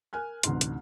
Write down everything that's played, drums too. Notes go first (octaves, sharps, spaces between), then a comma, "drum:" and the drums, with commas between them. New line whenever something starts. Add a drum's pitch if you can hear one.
A#4 G#5 F6 F#6
A1 D2 C3 D#4 C6, drum: hi-hat
drum: hi-hat